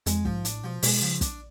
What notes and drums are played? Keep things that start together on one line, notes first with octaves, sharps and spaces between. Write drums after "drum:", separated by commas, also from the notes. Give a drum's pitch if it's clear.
F2 G#3, drum: hi-hat
G#2 F3, drum: kick
A2 D4, drum: hi-hat
B2 F3
B2 G#3, drum: open hi-hat
C#3 F3
D4, drum: kick, hi-hat